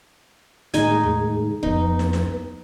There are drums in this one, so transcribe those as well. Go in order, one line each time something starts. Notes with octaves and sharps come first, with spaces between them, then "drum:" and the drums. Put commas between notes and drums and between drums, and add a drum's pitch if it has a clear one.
A2 D#3 G#3 D#4 G#5, drum: hi-hat
drum: tom E2
F2 B3 D#4, drum: kick
drum: snare
drum: snare